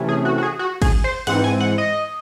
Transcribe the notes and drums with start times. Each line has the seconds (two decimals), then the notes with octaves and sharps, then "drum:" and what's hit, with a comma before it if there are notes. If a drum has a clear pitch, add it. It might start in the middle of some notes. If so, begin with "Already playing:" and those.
Already playing: C3 E3 A3 C#4
0.09 G#4
0.25 F#4
0.38 F#4
0.43 G#4
0.59 F#4
0.82 G#4, drum: kick G#1, cymbal
1.04 C5
1.27 G#2 E3 C4 F#5, drum: cymbal
1.44 G#5
1.60 F#5
1.78 D#5